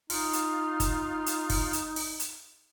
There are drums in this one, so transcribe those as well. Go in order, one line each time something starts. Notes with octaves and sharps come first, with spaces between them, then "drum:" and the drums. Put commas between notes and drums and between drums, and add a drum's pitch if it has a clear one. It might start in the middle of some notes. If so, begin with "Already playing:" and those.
D#4 F4, drum: open hi-hat
drum: hi-hat
drum: kick, hi-hat
drum: hi-hat
drum: kick, open hi-hat
drum: hi-hat
drum: open hi-hat
drum: hi-hat